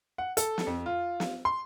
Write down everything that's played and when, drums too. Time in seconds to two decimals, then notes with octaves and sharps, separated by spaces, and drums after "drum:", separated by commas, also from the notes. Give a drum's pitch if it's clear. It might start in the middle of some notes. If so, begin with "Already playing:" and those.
0.18 F#5
0.37 A4, drum: hi-hat
0.58 drum: snare
0.67 F2
0.86 F4
1.20 drum: snare
1.45 C6